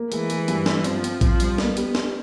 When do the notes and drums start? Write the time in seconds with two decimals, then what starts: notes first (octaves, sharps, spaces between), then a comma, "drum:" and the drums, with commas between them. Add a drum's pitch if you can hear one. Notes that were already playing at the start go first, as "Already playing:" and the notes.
Already playing: A#3
0.12 E3 G#3, drum: hi-hat
0.30 G#3, drum: hi-hat
0.48 G2, drum: hi-hat
0.66 G2, drum: snare
0.84 F3 C4, drum: hi-hat
1.04 C4, drum: hi-hat
1.21 F3 C4, drum: kick A#1, hi-hat
1.40 G3, drum: hi-hat
1.58 A#3 B3, drum: snare
1.77 G4, drum: hi-hat
1.95 G4, drum: snare